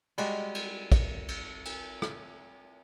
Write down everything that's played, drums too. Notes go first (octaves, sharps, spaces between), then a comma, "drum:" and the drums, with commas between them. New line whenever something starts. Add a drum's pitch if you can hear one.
G3 G#3 F#4, drum: cymbal
drum: cymbal
drum: kick, cymbal
drum: cymbal
drum: cymbal
drum: rim click